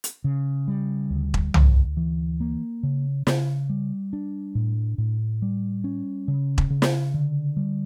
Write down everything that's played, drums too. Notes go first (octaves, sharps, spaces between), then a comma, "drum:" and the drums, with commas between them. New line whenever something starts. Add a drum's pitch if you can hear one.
drum: hi-hat
C#3
G3
D2
drum: kick E1
D2, drum: tom C2
E3
A#3
C#3
C#3, drum: snare
G3
D4
A2
A2
G3
C#4
C#3
drum: kick E1
C#3
drum: snare
D3
G3